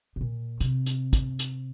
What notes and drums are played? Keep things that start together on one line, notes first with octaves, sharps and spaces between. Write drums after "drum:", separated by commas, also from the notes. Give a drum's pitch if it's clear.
A2
A#2
C3, drum: hi-hat
drum: hi-hat
drum: kick, hi-hat
drum: hi-hat